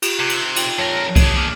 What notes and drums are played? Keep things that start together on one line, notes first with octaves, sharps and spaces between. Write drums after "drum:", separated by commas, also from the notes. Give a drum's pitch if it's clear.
F4 G4, drum: cymbal
C3 D6 F#6 G#6
drum: cymbal
F4 G5, drum: cymbal
F2 A#4 C#5 A5
D4 G#4, drum: kick B1, cymbal
A#3 D6 F6